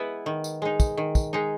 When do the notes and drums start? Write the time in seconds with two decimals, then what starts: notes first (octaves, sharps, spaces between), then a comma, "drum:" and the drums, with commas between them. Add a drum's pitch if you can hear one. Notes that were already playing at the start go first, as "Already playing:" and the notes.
Already playing: G#3 B3 E4 B4
0.26 D#3
0.44 drum: tambourine
0.62 G#3 D#4
0.80 drum: kick, tambourine
0.97 D#3
1.15 drum: kick, tambourine
1.33 G#3 D#4